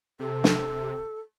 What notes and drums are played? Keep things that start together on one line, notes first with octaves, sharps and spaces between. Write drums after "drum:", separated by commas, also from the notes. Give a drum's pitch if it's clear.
C3 A4
drum: snare